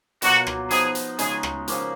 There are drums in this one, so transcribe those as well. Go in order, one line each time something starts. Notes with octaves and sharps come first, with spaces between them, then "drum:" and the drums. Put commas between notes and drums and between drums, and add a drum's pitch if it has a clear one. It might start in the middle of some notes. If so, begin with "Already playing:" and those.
B2 F#3 A#3 F4 F#4, drum: hi-hat
drum: rim click
F3 B3 D#4 G#4, drum: hi-hat
drum: hi-hat
C#3 G#3 D#4 G#4, drum: hi-hat
drum: rim click
F3 A#3 C#4 G#4, drum: hi-hat